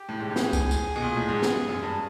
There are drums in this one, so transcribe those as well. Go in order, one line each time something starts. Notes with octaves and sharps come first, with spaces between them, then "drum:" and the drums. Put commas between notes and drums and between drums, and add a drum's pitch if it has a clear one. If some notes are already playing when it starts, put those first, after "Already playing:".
Already playing: G4
A2
G#2
A2
G#4, drum: snare
drum: kick C#2, tambourine
drum: tambourine
B2
A#2
A2
G#2
drum: snare
F#2
G2